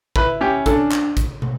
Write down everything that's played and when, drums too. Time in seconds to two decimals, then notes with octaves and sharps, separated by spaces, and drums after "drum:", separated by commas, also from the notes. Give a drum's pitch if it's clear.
0.16 E4 B4, drum: kick
0.41 C#4 G4
0.66 D4 A4, drum: kick, hi-hat
0.91 drum: clap
1.17 drum: kick, hi-hat
1.42 drum: tom